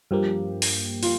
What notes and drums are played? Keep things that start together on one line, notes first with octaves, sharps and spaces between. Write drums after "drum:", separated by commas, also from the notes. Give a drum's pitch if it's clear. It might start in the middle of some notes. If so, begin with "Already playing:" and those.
G2 F3 A#3 G4
drum: open hi-hat
F4, drum: open hi-hat